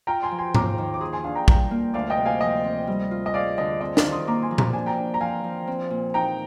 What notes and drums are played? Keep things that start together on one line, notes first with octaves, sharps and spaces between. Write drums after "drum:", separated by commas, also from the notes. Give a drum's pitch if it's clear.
F4 G5 A#5
G#5 C6
F3
G#5 C6
D#2 A#5 D6, drum: tom G#2
D#3
D6
G#4 C6 D#6
G#5 C6
D4 F5 G#5
G5 A#5
G3 G5 A#5, drum: kick
A#3
D2 D5 F5
D#5 G5
C3
F5 G#5
F3 D#5
C4
G3
F4
D#5
G#4 D5 F5
D3 D#5
C4 D#5
D5 F5, drum: snare
D#3
C6 D#6
A#3 A#5 D6
G#5 C6
F3
A#5, drum: tom A#2
D4 G#5
G5 A#5
D4
A#5
F3 F5 G#5
F3
C4
A#2
D#4 G5 A#5